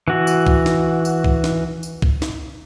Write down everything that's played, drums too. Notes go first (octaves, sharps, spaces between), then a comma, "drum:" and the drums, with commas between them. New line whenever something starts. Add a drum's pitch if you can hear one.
E3 F#4
drum: tambourine
drum: kick
drum: snare
drum: tambourine
drum: kick
drum: snare
drum: tambourine
drum: kick
drum: snare